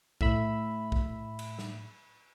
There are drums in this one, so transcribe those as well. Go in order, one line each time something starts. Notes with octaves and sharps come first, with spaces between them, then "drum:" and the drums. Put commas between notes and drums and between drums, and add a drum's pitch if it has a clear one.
A2 E5 B5, drum: kick A#1
drum: kick A#1
drum: cymbal
drum: snare